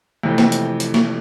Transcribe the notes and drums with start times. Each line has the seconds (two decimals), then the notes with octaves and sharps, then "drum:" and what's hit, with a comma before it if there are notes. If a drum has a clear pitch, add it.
0.23 F2 C3 E3 A3 C4
0.38 drum: snare
0.52 drum: hi-hat
0.80 drum: hi-hat
0.94 drum: snare